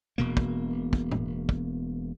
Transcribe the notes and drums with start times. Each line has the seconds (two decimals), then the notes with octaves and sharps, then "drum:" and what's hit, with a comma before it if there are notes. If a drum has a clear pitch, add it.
0.18 E1 B2 A#3
0.37 drum: kick
0.93 drum: kick
1.11 drum: tom
1.49 drum: kick